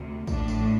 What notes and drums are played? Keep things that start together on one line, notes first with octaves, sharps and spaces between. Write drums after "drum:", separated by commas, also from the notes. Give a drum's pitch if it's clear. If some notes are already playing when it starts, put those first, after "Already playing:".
Already playing: D2 C3
A2 F3 D4, drum: kick, tambourine
drum: tambourine